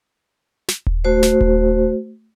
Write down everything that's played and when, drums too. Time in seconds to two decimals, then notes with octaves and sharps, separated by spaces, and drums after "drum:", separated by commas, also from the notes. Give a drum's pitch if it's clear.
0.68 drum: snare
0.86 drum: kick D#1
1.05 A3 F#4 C5
1.23 drum: snare
1.41 drum: kick D#1